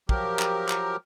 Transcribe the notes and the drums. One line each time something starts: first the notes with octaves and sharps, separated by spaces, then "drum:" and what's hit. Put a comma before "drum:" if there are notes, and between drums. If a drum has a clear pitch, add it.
F3 F#3 G4 A#4, drum: kick
drum: clap
drum: clap